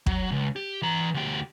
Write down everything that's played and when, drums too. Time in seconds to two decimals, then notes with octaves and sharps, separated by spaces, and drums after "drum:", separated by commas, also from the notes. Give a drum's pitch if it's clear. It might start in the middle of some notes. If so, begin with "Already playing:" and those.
0.06 F#3, drum: kick
0.32 C#2
0.56 G4
0.82 E3 A#5
1.14 D2 G4